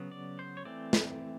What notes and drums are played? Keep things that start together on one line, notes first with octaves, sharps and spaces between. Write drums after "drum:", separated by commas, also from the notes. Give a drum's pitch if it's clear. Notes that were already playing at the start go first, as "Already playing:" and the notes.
Already playing: C#3 F#3 B3
D5
C5
C#5
E3 A3 C4 D5
drum: snare